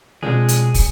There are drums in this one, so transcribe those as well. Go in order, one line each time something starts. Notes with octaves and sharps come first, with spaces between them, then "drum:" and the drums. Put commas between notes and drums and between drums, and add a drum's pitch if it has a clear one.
B2 G#3 C4 D4 F4 G#4
drum: hi-hat
drum: kick, open hi-hat